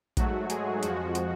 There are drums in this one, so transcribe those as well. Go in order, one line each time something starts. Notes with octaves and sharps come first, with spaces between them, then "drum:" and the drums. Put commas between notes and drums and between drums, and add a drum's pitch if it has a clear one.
G#2 F#3 A3 F#4, drum: kick A#1, hi-hat
G#3 G#4, drum: hi-hat
F2 F3 G#3 F#4, drum: hi-hat
drum: hi-hat